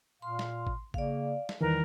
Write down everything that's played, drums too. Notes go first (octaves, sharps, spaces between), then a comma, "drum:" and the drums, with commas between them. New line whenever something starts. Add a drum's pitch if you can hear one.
A#2 F5 C6
drum: snare
drum: kick A1
C#3 A#3 D5 F5, drum: kick A1
drum: snare
E2 D#3 E3 G3 A#4 B4